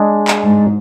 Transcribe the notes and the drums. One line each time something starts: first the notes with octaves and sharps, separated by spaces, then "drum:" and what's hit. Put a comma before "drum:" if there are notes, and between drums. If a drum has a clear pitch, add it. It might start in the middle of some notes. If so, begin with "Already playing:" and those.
Already playing: G#3 D4 G#4
drum: clap
G#2